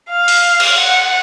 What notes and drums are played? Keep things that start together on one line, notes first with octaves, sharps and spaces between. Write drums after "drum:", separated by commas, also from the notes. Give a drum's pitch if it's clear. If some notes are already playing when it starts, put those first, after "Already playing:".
F5
drum: open hi-hat
drum: cymbal
F#5